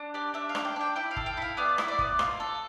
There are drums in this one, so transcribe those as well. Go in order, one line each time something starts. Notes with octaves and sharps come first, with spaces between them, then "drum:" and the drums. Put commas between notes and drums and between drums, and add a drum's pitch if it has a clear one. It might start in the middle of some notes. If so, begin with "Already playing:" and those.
Already playing: D4
G4 D5
D4 E5
F5
D4, drum: rim click
G5
D4 G5
E4 G5
F5
A4, drum: kick
G5
E4 F5
B3 D5
E4, drum: rim click
D5
B3, drum: kick
F4, drum: rim click
A4